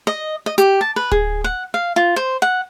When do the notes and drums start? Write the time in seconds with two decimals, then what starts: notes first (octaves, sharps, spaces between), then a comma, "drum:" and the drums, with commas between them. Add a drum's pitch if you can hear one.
0.07 D#5
0.46 D#5
0.58 G4, drum: hi-hat
0.81 A5
0.96 B4
1.12 G#4, drum: kick D1
1.44 F#5
1.74 F5
1.96 F4
2.16 C5
2.42 F#5